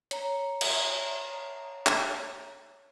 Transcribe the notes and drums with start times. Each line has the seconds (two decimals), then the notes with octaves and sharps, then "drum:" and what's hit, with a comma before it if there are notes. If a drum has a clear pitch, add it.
0.11 C#5 A#5, drum: hi-hat
0.61 drum: cymbal
1.86 drum: clap